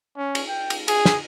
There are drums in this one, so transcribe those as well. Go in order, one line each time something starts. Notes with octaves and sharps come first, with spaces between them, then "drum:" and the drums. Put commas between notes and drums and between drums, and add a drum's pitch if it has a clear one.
C#4
drum: cymbal
G5
drum: cymbal
G#4, drum: cymbal
drum: snare